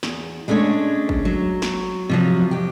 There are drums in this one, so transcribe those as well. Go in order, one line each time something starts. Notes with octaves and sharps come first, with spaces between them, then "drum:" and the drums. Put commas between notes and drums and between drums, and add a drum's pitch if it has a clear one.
E2, drum: snare
G#3 A3 C#4 D4 C#5
drum: kick
F#3
drum: snare
C3 F3 F#3
F2 G4